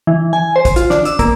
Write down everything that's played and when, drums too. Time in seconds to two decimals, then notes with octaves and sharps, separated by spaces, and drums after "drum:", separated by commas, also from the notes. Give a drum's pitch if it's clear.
0.07 E3
0.33 G#5
0.56 C5
0.65 drum: kick, hi-hat
0.76 F4, drum: hi-hat
0.90 D4, drum: snare
1.05 E6, drum: hi-hat
1.19 A#3, drum: kick, hi-hat